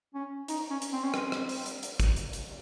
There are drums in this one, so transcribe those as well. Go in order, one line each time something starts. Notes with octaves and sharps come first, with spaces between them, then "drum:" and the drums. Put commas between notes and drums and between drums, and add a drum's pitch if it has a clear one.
C#4
D#4, drum: hi-hat
C#4
drum: hi-hat
C4
C#4
C4, drum: rim click
drum: rim click
drum: open hi-hat
drum: hi-hat
drum: hi-hat
drum: kick, hi-hat
drum: hi-hat
drum: hi-hat